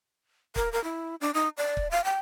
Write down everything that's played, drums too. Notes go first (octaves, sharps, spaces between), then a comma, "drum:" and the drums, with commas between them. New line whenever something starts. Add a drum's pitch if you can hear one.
A#4, drum: kick
A#4
E4
D4
D#4
D5
drum: kick
F5
G5